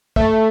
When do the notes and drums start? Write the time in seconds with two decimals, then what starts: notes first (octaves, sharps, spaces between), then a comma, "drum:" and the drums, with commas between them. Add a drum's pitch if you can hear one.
0.16 A3, drum: kick